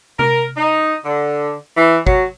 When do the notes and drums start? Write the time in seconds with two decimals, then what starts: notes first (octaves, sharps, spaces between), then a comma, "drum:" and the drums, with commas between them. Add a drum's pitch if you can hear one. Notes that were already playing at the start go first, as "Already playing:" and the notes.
0.19 A#4, drum: tom C3
0.57 D#4
1.05 D3
1.77 E3
2.07 F#3, drum: kick